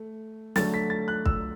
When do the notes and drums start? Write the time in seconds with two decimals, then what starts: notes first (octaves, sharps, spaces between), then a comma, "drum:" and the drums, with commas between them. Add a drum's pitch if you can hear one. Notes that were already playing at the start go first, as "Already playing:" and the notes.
Already playing: A3
0.56 D3 F#3 A3 A6, drum: snare
0.74 B6
0.90 A6
1.08 F#6
1.26 E6, drum: kick